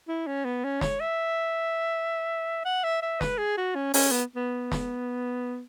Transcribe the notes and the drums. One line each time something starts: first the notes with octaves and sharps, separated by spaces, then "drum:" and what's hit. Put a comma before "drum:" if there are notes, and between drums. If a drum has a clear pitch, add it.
E4
C#4
B3
C#4
C#5, drum: snare
E5
F#5
E5
E5
B4, drum: snare
G#4
F#4
C#4
C#4, drum: open hi-hat
B3
B3
drum: snare